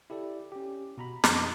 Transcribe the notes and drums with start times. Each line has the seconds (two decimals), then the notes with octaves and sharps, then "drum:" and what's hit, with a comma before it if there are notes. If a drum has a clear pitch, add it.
0.10 E4 G4 A4 D5
0.52 C#4 G4
0.98 B2 A#5 B5
1.24 F2 F3 D#4 A6, drum: snare
1.39 D#4 D#5